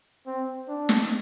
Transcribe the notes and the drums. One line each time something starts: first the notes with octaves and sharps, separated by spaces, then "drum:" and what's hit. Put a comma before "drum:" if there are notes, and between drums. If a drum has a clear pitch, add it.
C4
D4
drum: snare